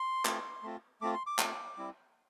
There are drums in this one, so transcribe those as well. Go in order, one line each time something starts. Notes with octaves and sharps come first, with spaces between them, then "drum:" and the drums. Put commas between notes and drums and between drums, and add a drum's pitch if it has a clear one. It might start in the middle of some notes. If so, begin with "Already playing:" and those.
Already playing: C6
A3 C4 F4, drum: clap
A3 C4 F4
A3 C4 F4 D6
C6
D6
A3 C4 F4, drum: clap
G3 C4 E4